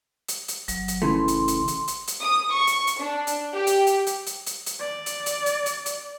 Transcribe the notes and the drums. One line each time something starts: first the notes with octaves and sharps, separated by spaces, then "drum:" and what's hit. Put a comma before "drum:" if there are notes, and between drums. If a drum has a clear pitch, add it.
drum: hi-hat
drum: hi-hat
G1 F#3, drum: hi-hat
drum: hi-hat
C#3 E3 A3 C6
drum: hi-hat
drum: hi-hat
drum: hi-hat
drum: hi-hat
drum: hi-hat
D#6
C#6
drum: hi-hat
drum: hi-hat
D4
drum: hi-hat
G4
drum: hi-hat
drum: hi-hat
drum: hi-hat
drum: hi-hat
drum: hi-hat
drum: hi-hat
D5
drum: hi-hat
drum: hi-hat
drum: hi-hat
drum: hi-hat
drum: hi-hat